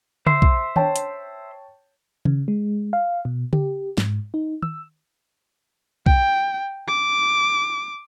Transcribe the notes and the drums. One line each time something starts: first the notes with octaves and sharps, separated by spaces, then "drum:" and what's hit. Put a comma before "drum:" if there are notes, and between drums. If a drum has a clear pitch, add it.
C5 E5 C6, drum: tom C#3
drum: kick
C#5 G5 A5, drum: tom D#3
drum: hi-hat
C#3, drum: tom D#3
G#3
F5
B2
G4, drum: tom C#3
G#2, drum: snare
D#4
E6, drum: tom D#3
G5, drum: kick
D6